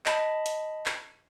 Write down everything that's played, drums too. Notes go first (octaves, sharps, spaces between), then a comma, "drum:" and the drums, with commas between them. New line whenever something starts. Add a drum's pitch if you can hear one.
D#5 A5 B5, drum: clap
drum: hi-hat
drum: clap